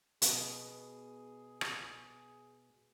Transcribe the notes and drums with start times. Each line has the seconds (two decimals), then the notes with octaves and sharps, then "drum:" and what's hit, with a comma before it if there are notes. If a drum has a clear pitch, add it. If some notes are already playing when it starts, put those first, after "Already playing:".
0.22 B2 G#4, drum: hi-hat
1.61 drum: rim click